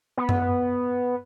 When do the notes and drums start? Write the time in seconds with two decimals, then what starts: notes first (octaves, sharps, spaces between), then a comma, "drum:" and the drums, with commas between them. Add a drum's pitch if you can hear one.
0.17 B3
0.29 drum: tom F#2